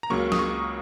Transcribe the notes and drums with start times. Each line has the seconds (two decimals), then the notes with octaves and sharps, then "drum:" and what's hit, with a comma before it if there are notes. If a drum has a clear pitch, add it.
0.03 A#5
0.10 C#2 C#3 F#3 A#3 C#6
0.32 D#6, drum: snare
0.39 C#6